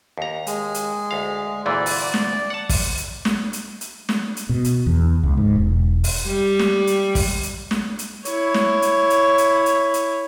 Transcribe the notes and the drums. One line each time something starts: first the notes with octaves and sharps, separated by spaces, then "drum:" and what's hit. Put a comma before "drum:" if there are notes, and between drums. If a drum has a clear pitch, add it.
D#2 A#5
G#3, drum: hi-hat
drum: hi-hat
D2 F5
D2 A#2 E3 D5
drum: open hi-hat
drum: snare
F#5 A5
drum: kick, open hi-hat
drum: hi-hat
drum: snare
drum: hi-hat
drum: hi-hat
drum: snare
drum: hi-hat
B2
drum: hi-hat
E2
C#2
G#2
E1
drum: open hi-hat
G3
drum: snare
drum: hi-hat
drum: kick, open hi-hat
drum: hi-hat
drum: snare
drum: hi-hat
E4 C#5, drum: hi-hat
drum: snare
drum: hi-hat
drum: hi-hat
drum: hi-hat
drum: hi-hat
drum: hi-hat